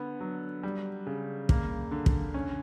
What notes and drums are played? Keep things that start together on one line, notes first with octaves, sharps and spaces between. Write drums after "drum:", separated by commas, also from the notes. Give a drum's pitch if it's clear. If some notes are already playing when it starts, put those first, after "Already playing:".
Already playing: D3 B3
F#3
G3
C#3
A#3, drum: kick
D3
drum: kick
C#4